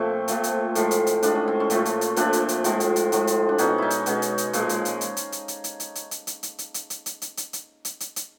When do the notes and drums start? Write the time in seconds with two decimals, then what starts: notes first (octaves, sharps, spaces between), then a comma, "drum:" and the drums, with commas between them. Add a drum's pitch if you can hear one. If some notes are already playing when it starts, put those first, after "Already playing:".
Already playing: A#2 F3 A3 C4
0.28 A#2 F3 A3, drum: hi-hat
0.43 drum: hi-hat
0.75 A2 F3 G#3, drum: hi-hat
0.91 drum: hi-hat
1.07 drum: hi-hat
1.22 A2 F3 G#3 D4, drum: hi-hat
1.35 C#4
1.48 C4
1.60 C#4
1.70 A#2 F3 A3, drum: hi-hat
1.85 drum: hi-hat
2.01 drum: hi-hat
2.16 A#2 F3 A3 C4 D4, drum: hi-hat
2.33 drum: hi-hat
2.48 drum: hi-hat
2.64 A2 F3 G#3, drum: hi-hat
2.80 drum: hi-hat
2.96 drum: hi-hat
3.12 A2 F3 G#3, drum: hi-hat
3.27 drum: hi-hat
3.49 D4
3.58 B2 G#3 C#4 D#4, drum: hi-hat
3.78 C#4 D#4 E4
3.90 drum: hi-hat
4.06 B2 G#3 C#4, drum: hi-hat
4.22 drum: hi-hat
4.38 drum: hi-hat
4.53 A#2 F3 G#3, drum: hi-hat
4.69 drum: hi-hat
4.85 drum: hi-hat
5.01 drum: hi-hat
5.17 drum: hi-hat
5.32 drum: hi-hat
5.48 drum: hi-hat
5.64 drum: hi-hat
5.80 drum: hi-hat
5.95 drum: hi-hat
6.11 drum: hi-hat
6.27 drum: hi-hat
6.43 drum: hi-hat
6.58 drum: hi-hat
6.74 drum: hi-hat
6.90 drum: hi-hat
7.06 drum: hi-hat
7.22 drum: hi-hat
7.37 drum: hi-hat
7.53 drum: hi-hat
7.85 drum: hi-hat
8.00 drum: hi-hat
8.16 drum: hi-hat